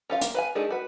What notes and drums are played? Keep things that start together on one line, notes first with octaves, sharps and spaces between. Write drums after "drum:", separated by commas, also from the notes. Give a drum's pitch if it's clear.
C#4 F4 F5
A#3, drum: hi-hat
B4 F5 G#5
G#3 A3 D4 D#4 G#4
F#4 B4